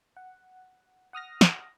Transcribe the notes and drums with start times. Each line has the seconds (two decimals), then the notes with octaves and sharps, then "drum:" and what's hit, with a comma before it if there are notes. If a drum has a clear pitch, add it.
0.17 F#5
1.13 F#5 D#6 F6 A#6
1.41 drum: snare